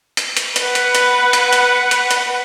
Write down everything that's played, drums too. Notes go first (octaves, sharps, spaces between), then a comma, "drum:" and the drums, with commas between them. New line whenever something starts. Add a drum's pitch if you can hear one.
drum: hi-hat
drum: hi-hat
B4 F#5, drum: hi-hat
drum: hi-hat
drum: hi-hat
drum: hi-hat
drum: hi-hat
drum: hi-hat
drum: hi-hat